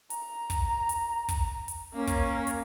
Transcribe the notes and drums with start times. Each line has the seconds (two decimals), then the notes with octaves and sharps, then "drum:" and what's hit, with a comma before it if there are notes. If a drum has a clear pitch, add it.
0.10 A#5, drum: hi-hat
0.50 drum: kick, hi-hat
0.89 drum: hi-hat
1.29 drum: kick, hi-hat
1.68 drum: hi-hat
1.93 A#3 C#4 A#4
2.07 drum: kick, hi-hat
2.47 drum: hi-hat